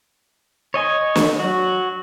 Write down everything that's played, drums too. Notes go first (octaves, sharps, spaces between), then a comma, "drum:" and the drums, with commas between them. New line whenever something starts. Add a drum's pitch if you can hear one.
C#5 D#5 G#5
drum: snare
F#3 F#4